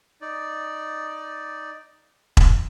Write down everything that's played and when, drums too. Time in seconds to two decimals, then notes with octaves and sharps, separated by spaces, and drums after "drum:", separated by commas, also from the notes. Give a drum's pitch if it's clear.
0.21 D#4 D5
2.37 drum: kick E1